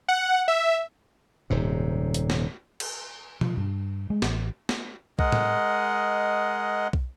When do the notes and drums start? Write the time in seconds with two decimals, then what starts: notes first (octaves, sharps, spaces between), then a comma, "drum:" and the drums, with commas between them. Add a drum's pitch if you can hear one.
0.08 F#5
0.48 E5
1.50 D#1 G#2 C3
2.14 drum: hi-hat
2.30 drum: snare
2.80 drum: cymbal
3.41 F3, drum: tom B2
3.57 G2
4.10 G#3
4.22 A1, drum: snare
4.69 drum: snare
5.19 G#3 A#4 D#5 F#5, drum: kick B1
5.32 drum: tom A2
6.93 drum: kick B1